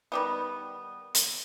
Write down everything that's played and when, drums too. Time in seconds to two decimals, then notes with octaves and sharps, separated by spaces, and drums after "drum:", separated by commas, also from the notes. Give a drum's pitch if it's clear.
0.12 D#3 G3 B3
1.15 drum: hi-hat